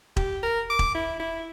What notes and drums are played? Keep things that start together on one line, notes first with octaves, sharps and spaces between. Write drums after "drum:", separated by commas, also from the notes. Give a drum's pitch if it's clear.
G4, drum: kick E1
A#4
D6
drum: kick E1
E4
E4